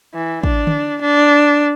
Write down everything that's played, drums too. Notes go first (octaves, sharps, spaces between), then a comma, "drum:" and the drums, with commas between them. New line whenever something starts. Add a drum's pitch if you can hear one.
E3
D4, drum: kick
drum: tom D3
D4